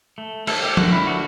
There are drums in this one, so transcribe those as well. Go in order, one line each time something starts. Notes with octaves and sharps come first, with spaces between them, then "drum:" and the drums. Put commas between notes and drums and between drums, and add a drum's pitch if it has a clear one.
A3
A3 A4, drum: cymbal
G4
D3 F#4, drum: tom F3
E4
A3 F#4